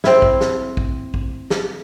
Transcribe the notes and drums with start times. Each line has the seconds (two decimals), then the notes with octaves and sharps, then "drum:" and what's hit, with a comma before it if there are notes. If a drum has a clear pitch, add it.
0.04 C4 E4, drum: snare
0.22 drum: kick
0.40 drum: snare
0.77 drum: kick
1.14 drum: kick
1.50 drum: snare